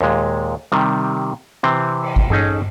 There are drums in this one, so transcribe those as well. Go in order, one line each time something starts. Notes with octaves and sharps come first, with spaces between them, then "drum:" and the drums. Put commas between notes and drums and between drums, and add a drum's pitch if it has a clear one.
D#2 A#2 G#3
C3 D#3 G3
C3 E3 C4
drum: cymbal
drum: kick G#1
C#4 D#4 G#4 A4, drum: tom G2